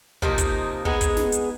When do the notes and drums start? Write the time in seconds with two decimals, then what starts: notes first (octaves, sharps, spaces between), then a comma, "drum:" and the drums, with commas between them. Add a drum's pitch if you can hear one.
0.22 C3 F3 A#3 D#4, drum: kick
0.38 drum: kick, hi-hat
0.85 G#3 B3 D#4 G#4, drum: kick
1.01 drum: kick, hi-hat
1.17 drum: snare
1.32 drum: hi-hat